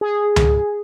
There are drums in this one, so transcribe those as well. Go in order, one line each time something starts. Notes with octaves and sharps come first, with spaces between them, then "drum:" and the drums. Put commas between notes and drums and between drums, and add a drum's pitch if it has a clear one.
G#4
drum: tom C#2